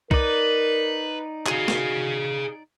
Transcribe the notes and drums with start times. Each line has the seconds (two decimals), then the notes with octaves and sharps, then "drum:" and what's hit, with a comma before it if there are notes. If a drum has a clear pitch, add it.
0.11 D#4 A#4 B4 D5, drum: kick B1
1.46 F#4 G#4 F5, drum: clap
1.68 drum: snare